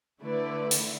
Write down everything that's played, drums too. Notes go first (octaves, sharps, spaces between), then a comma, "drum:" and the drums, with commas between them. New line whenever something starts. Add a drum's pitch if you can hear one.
D3 A3 E4 B4 D5
drum: hi-hat